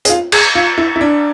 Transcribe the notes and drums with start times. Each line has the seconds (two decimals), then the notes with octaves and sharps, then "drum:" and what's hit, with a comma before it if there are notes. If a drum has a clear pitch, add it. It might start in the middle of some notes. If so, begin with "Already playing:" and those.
0.05 G#4, drum: hi-hat
0.10 F4
0.32 G#4, drum: cymbal
0.55 F4
0.78 E4
0.96 E4
1.01 D4